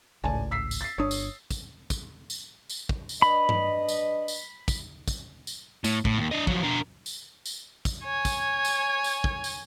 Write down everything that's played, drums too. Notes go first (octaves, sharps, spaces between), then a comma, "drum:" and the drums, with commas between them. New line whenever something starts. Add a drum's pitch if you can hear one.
G#1 C#2 A2 D5 G#5 A5
E6 B6 C7
drum: tambourine
A6 C7
G1 D4 C#5 D#6
drum: tambourine
drum: kick, tambourine
drum: kick, tambourine
drum: tambourine
drum: tambourine
drum: kick
drum: tambourine
D4 B4 D#5 B5
drum: tom G2
drum: tambourine
drum: tambourine
drum: kick, tambourine
drum: kick, tambourine
drum: tambourine
A2, drum: tambourine
A2, drum: kick
D#2
D4 D#5
F3 F#3, drum: kick
D4 A#4
drum: tambourine
drum: tambourine
drum: kick, tambourine
C#5 G#5
drum: kick, tambourine
drum: tambourine
drum: tambourine
drum: kick
drum: tambourine